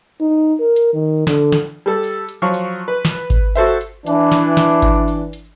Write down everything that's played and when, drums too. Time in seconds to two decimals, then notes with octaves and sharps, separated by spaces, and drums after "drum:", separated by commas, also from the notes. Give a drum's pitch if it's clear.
0.21 D#4
0.60 A#4
0.76 drum: hi-hat
0.93 D#3
1.27 D3, drum: snare
1.52 drum: snare
1.86 G3 A4
2.03 drum: open hi-hat
2.29 drum: hi-hat
2.42 F3 F#3 C#6
2.54 drum: hi-hat
2.88 B4
3.05 drum: snare
3.30 drum: kick G#1, hi-hat
3.55 F#4 A4 C5 E5, drum: open hi-hat
3.81 drum: hi-hat
4.06 E3 D4, drum: hi-hat
4.32 drum: snare
4.57 drum: snare
4.82 drum: kick G#1, hi-hat
5.08 drum: open hi-hat
5.33 drum: hi-hat